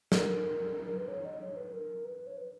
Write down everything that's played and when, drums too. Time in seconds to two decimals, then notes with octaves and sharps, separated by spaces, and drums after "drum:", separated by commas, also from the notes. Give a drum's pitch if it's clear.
0.12 A#4, drum: snare
0.85 A#4
0.97 B4
1.08 C#5
1.25 D#5
1.41 C#5
1.56 B4
1.73 A#4
2.05 B4
2.27 C#5
2.37 B4